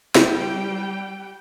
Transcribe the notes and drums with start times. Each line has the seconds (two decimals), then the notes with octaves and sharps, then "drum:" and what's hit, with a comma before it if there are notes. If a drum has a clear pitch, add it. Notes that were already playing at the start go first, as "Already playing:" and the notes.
0.15 C#3 G3 E4 G5, drum: snare